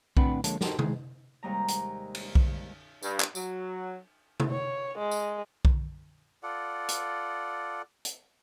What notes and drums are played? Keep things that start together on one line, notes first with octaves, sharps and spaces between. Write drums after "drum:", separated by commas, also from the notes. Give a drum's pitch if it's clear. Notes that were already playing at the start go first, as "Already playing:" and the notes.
A2 C4 D4 B4 F#5 B5, drum: kick B1
D3 F3 G#3 A#3 C#5 A5, drum: hi-hat
D#4 F#4 G4 A4 A#4 C5, drum: snare
D#3 G#3 G#4, drum: tom C3
D#2 C3 G3 G#3 A#5
drum: hi-hat
drum: cymbal
drum: kick B1
G2, drum: tambourine
drum: clap
F#3, drum: tambourine
drum: tom C3
C#5
G#3
drum: tambourine
drum: kick B1
F4 A4 D5 F#5
drum: hi-hat
drum: hi-hat